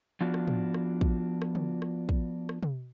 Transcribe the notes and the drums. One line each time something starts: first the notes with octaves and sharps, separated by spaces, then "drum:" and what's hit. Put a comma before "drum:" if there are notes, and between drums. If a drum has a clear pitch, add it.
F3 B3 D4 F4 F#4
drum: rim click
drum: tom
drum: rim click
drum: kick
drum: rim click
drum: tom
drum: rim click
drum: kick
drum: rim click
drum: tom